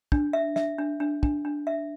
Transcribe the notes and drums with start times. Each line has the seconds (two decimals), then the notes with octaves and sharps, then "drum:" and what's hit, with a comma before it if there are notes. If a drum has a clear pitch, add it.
0.12 D4, drum: kick
0.33 E5
0.56 E5, drum: snare
0.79 D4
1.00 D4
1.23 D4, drum: kick
1.45 D4
1.67 E5